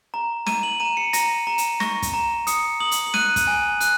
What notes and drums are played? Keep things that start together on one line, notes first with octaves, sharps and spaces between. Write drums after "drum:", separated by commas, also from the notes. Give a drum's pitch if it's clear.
A#5
A#5 D#7, drum: snare
F#7
A#5 D#7
C#7
A#5 A#6, drum: hi-hat
A#5
drum: hi-hat
C#6 A#6, drum: snare
drum: kick, hi-hat
A#5
D#6 C#7, drum: hi-hat
D#6 F#7
drum: hi-hat
F#7
F#6 D#7, drum: snare
drum: kick, hi-hat
G#5
F#6, drum: hi-hat